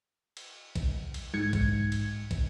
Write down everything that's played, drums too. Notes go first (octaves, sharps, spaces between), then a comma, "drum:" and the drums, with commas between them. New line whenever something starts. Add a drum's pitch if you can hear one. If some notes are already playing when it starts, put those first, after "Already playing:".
drum: cymbal
drum: kick, cymbal
drum: cymbal
G#2 G#6 C#7
drum: kick, cymbal
drum: cymbal
drum: kick, cymbal